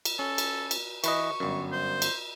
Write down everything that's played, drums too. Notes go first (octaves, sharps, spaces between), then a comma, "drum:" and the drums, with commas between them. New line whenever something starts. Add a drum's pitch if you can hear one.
drum: cymbal
C#4 A4
drum: cymbal
drum: cymbal
E3 B4 D#5 C#6, drum: cymbal
G1 F#2
C5
drum: cymbal